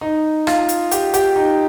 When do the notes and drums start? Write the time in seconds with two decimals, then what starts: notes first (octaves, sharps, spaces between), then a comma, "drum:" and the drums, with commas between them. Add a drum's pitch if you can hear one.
0.01 D#4
0.47 F4, drum: rim click
0.69 drum: hi-hat
0.91 G4, drum: hi-hat
1.14 G4, drum: hi-hat
1.36 D#4